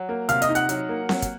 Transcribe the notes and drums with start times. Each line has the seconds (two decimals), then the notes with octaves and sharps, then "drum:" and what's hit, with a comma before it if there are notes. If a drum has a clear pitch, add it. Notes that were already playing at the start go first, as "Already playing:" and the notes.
Already playing: F#3
0.09 A#3
0.29 C3 F5 F6, drum: hi-hat
0.42 D#5 D#6, drum: hi-hat
0.49 D#4
0.55 F#5 F#6, drum: hi-hat
0.69 F#3, drum: hi-hat
0.89 A#3
1.09 F#3, drum: snare C4
1.22 drum: kick, hi-hat